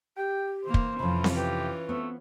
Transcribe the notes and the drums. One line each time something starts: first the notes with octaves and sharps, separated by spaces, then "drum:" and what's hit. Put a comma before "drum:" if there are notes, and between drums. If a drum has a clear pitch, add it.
G4 G5
E3 A#3 C5
drum: kick
F2 C3 E3 C#4 F4 B5
drum: snare C4
G4 B4
A3 B3 C4